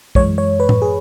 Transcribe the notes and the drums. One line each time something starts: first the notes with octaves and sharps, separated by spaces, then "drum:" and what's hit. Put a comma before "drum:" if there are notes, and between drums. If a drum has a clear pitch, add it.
F#2 E3 G#3 C#5, drum: kick
C#5
B4
drum: tom A2
G#4